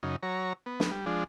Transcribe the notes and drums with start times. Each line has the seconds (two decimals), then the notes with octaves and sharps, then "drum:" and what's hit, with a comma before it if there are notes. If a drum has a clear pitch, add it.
0.03 F#2 C#3 D#4
0.23 F#3 C#5 A#5
0.66 B3
0.80 drum: snare
0.91 G3
1.06 F3 G#3 D4